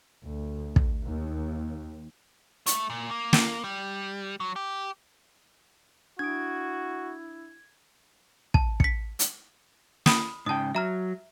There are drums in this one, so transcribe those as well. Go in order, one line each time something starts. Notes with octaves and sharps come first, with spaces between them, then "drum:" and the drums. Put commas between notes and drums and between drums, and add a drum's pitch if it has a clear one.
D2
drum: kick
D#2
A3, drum: hi-hat
A#2
A#3
drum: snare
G3
F#3
G4
D4 E4 F#4 D#6 G#6 D7
A5, drum: kick
B6 C#7, drum: kick
drum: hi-hat
B5 D#6, drum: snare
G#2 C#3 G5 A5 D#6
F#3 E5 A#5 F6